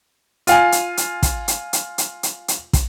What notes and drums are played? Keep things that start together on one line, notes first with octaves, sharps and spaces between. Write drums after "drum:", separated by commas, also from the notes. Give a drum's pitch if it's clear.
F4 F5 G#5, drum: hi-hat
drum: hi-hat
drum: hi-hat
drum: kick, hi-hat
drum: hi-hat
drum: hi-hat
drum: hi-hat
drum: hi-hat
drum: hi-hat
drum: kick, hi-hat